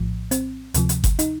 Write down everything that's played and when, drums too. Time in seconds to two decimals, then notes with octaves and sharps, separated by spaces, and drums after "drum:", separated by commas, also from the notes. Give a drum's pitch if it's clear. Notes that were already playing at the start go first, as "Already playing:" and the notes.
Already playing: A#1 A2 F3
0.31 C4, drum: hi-hat
0.74 D2 C3 F3, drum: hi-hat
0.89 drum: hi-hat
1.04 drum: kick G1, hi-hat
1.19 D#4, drum: hi-hat